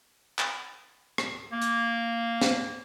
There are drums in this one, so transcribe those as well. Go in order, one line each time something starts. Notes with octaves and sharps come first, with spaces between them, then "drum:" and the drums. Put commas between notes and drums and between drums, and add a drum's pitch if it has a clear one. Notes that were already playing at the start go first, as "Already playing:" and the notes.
drum: clap
drum: rim click
A#3
drum: hi-hat
drum: snare